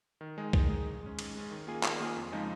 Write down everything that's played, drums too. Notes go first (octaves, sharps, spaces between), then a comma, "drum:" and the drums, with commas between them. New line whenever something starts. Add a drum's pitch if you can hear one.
D#3
G#3 D#4 G#4
D#3, drum: kick C2
G#3 D#4 G#4
G#2
G#3 C#4
G#2, drum: cymbal
G#3 C#4
D#3
A#3 F4 G#4
D#3, drum: clap
A#3 F4 G#4
F2
C#3 F3 G#3 D#4